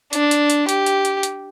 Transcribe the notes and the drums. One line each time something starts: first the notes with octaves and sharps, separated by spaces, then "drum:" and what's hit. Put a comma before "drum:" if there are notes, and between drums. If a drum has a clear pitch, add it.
D4, drum: hi-hat
drum: hi-hat
drum: hi-hat
G4, drum: hi-hat
drum: hi-hat
drum: hi-hat
drum: hi-hat